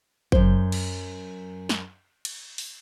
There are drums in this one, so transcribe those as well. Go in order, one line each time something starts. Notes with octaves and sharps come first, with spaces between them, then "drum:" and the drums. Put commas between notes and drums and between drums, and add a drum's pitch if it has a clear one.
F#2 C5, drum: kick
drum: cymbal
drum: snare
drum: cymbal
drum: open hi-hat